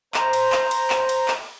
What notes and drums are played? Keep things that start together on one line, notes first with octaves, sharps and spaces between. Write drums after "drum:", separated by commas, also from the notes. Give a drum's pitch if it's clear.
C5 A#5, drum: clap
drum: cymbal
drum: clap
drum: cymbal
drum: clap
drum: cymbal
drum: clap